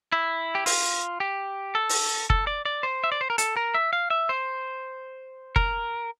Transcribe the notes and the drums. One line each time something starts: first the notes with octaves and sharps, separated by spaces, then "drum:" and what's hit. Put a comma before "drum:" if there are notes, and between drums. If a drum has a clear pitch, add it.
E4
G4
F4, drum: open hi-hat
G4
A4
drum: open hi-hat
A4, drum: kick F#1
D5
D5
C5
E5
D5
C5
A#4
A4, drum: hi-hat
A#4
E5
F5
E5
C5
A#4, drum: kick F#1